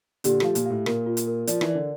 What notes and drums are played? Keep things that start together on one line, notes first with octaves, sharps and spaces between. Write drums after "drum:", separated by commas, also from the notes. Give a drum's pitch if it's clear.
A#2 D3 G4, drum: hi-hat
F3 A3 F5, drum: rim click
A#2, drum: hi-hat
A2 F5
A#2 A#4, drum: rim click
F4
drum: hi-hat
A#4
F3 D5, drum: hi-hat
E3, drum: rim click
D5
D3